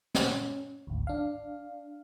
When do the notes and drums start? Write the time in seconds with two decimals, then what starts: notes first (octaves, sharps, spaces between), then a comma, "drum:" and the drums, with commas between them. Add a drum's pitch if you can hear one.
0.15 C#4, drum: snare
0.87 G#1 D2
1.07 D4 F5